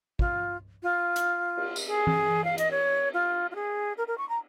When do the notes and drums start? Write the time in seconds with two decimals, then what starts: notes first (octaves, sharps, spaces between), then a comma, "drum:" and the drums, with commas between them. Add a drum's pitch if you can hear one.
0.19 F4, drum: kick
0.83 F4
1.16 drum: hi-hat
1.57 drum: cymbal
1.76 drum: tambourine
1.87 G#4
2.07 drum: tom E3
2.44 F5, drum: cymbal
2.58 D#5, drum: hi-hat
2.71 C#5
3.13 F4
3.51 F4
3.55 G#4
3.97 A#4
4.07 A#4
4.18 C#6
4.29 A#5